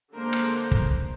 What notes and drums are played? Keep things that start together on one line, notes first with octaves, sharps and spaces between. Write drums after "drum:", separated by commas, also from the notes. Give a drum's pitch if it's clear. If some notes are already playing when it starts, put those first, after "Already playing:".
D3 G#3 A#3 D4 A#4 C5
drum: rim click
drum: kick